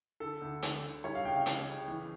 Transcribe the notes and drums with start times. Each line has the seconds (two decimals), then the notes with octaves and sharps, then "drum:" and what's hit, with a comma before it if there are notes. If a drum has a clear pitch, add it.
0.20 D3 A4
0.42 D2
0.62 D3, drum: hi-hat
0.83 D3
1.04 G3 C#5
1.15 F5
1.25 C#2 G5
1.36 F5
1.46 C#2, drum: hi-hat
1.67 C#3
1.88 E3